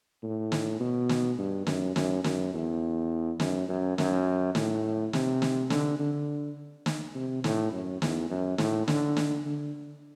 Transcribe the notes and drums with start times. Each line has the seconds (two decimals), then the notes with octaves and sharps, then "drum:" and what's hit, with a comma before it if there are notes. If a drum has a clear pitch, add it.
0.23 A2
0.52 drum: snare
0.80 B2
1.09 drum: snare
1.38 G2
1.67 F#2, drum: snare
1.96 F#2, drum: snare
2.24 F#2, drum: snare
2.54 E2
3.40 F#2, drum: snare
3.69 F#2
3.98 F#2, drum: snare
4.55 A2, drum: snare
5.13 C3, drum: snare
5.42 drum: snare
5.70 D3, drum: snare
6.00 D3
6.86 drum: snare
7.15 C3
7.44 A2, drum: snare
7.72 F#2
8.02 E2, drum: snare
8.30 F#2
8.58 A2, drum: snare
8.88 D3, drum: snare
9.17 drum: snare
9.45 D3